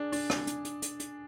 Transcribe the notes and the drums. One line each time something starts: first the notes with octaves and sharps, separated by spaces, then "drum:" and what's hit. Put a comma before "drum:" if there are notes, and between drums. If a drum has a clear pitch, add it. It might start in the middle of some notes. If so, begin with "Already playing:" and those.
Already playing: D4 G#4
D4, drum: open hi-hat
drum: rim click
drum: hi-hat
drum: hi-hat
drum: hi-hat
drum: hi-hat